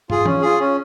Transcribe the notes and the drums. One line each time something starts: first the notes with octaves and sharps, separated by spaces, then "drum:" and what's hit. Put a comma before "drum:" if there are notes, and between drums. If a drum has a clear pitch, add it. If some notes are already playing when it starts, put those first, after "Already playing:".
F4 G#4, drum: tom
C#4, drum: tom E3
F4 G#4
C#4